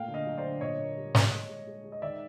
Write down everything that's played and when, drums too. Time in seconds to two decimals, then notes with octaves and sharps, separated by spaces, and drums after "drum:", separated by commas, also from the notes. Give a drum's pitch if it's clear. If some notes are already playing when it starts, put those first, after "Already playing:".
Already playing: A#2 A3 F5 G5
0.08 D3
0.14 D#5 F5
0.27 F#3
0.38 C5 D5
0.44 D3
0.61 A#2 C#5 D#5
0.79 A#3
0.97 G3
1.15 A#2, drum: snare
1.32 G#3
1.49 G#3
1.67 G#3
1.84 G#3
1.92 D#5
2.02 D#3 D5 E5